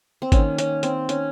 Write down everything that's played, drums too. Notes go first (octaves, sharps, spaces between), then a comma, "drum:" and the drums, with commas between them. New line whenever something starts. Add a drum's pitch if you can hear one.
C4
D#3 A#3 C#4, drum: kick G#1, hi-hat
C#4, drum: hi-hat
C4, drum: hi-hat
C#4, drum: hi-hat